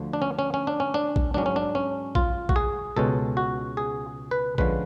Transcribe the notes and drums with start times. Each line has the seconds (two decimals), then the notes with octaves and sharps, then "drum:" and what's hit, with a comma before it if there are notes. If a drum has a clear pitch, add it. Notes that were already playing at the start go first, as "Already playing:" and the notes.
Already playing: D2 D3 F3
0.13 D4
0.22 C#4
0.39 C#4
0.54 C#4
0.67 D4
0.80 C#4
0.94 D4
1.16 drum: kick A#1
1.34 G#2 F#3 C#4 D4
1.46 C#4
1.56 D4
1.75 C#4
2.15 F4, drum: kick A#1
2.49 F#4, drum: kick A#1
2.56 G#4
2.96 C#2 B2 G#3 C#4 A4
3.37 F#4
3.77 G#4
4.31 B4
4.58 D3 F3 G#3 C#4 B4, drum: kick A#1